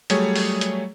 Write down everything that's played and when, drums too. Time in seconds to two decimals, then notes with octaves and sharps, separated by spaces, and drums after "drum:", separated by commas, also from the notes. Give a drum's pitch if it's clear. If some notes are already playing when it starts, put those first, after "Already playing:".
0.10 F#3 G3 A3 G#4 C#5, drum: hi-hat
0.36 drum: open hi-hat
0.61 drum: hi-hat